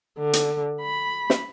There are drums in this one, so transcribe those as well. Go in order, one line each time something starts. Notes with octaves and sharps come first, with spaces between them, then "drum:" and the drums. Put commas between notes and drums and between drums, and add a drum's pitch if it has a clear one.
D3
drum: hi-hat
B5
drum: snare